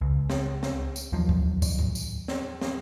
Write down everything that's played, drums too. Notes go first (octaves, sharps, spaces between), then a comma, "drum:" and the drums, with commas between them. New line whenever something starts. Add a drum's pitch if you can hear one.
C#2
drum: snare
drum: snare
drum: tambourine
D#2 D#3 F3 F#3
drum: kick C#2
drum: kick C#2, tambourine
drum: tom G#2
drum: tambourine
drum: snare
drum: snare